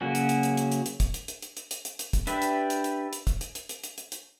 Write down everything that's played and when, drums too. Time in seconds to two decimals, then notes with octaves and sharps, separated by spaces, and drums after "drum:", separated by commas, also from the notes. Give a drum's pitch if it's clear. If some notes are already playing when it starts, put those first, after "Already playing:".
0.01 C#3 F#3 A#3 C#4 F#4
0.15 drum: hi-hat
0.29 drum: hi-hat
0.43 drum: hi-hat
0.57 drum: hi-hat
0.72 drum: hi-hat
0.86 drum: hi-hat
1.00 drum: kick, hi-hat
1.14 drum: hi-hat
1.28 drum: hi-hat
1.42 drum: hi-hat
1.57 drum: hi-hat
1.71 drum: hi-hat
1.85 drum: hi-hat
1.99 drum: hi-hat
2.13 drum: kick, hi-hat
2.27 D4 G4 B4 E5, drum: hi-hat
2.42 drum: hi-hat
2.70 drum: hi-hat
2.84 drum: hi-hat
3.13 drum: hi-hat
3.27 drum: kick, hi-hat
3.41 drum: hi-hat
3.55 drum: hi-hat
3.69 drum: hi-hat
3.84 drum: hi-hat
3.98 drum: hi-hat
4.12 drum: hi-hat